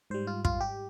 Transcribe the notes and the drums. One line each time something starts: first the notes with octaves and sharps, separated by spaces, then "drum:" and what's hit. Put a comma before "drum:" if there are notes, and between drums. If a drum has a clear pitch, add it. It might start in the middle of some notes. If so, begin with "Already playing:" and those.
G#2 G3 C5
F4
F4, drum: kick
G4